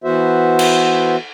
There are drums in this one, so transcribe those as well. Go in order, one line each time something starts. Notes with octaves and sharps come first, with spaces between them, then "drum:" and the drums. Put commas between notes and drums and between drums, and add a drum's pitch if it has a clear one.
E3 B3 F#4 C5 E5
drum: cymbal